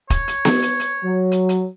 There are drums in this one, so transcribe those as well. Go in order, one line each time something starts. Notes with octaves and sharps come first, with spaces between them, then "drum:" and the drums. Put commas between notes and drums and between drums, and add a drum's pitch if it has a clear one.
C#5, drum: kick, hi-hat
drum: hi-hat
drum: snare B3
drum: hi-hat
drum: hi-hat
F#3
drum: hi-hat
drum: hi-hat